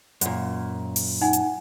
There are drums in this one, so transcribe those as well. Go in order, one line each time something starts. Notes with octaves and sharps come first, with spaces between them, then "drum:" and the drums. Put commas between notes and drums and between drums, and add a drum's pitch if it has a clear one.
F#2 A#2, drum: hi-hat
drum: open hi-hat
D#4 F#5 G#5
drum: hi-hat